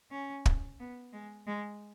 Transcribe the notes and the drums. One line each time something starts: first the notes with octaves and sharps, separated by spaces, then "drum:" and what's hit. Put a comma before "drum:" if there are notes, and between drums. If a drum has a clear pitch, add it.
C#4
drum: kick
B3
G#3
G#3